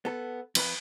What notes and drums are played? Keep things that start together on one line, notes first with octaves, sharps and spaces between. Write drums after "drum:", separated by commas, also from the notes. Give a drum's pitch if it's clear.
B3 A4
F2 B4 B5, drum: cymbal